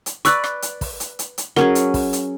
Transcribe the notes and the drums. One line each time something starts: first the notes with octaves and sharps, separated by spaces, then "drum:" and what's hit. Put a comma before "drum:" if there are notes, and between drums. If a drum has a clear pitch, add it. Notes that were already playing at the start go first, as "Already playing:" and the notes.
drum: hi-hat
B4 D5 C#6 E6 F#6, drum: hi-hat
drum: rim click
drum: hi-hat
drum: kick, open hi-hat
drum: hi-hat
drum: hi-hat
drum: hi-hat
F#3 C#4 G#4 A#4, drum: rim click
drum: hi-hat
drum: kick, open hi-hat
drum: hi-hat